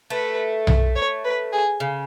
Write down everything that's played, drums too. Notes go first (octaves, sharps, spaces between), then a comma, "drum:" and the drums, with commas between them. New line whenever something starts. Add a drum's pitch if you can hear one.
A3 B4
drum: tom B1
C#5
B4
G#4
C#3